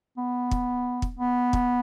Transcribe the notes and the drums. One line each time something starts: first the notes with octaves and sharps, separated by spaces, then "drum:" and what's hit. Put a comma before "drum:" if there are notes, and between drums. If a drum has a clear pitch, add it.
B3
drum: kick
drum: kick
B3
drum: kick